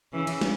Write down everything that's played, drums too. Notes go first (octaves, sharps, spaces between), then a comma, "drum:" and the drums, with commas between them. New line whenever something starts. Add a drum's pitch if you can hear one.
C#3 E3
drum: cymbal
drum: snare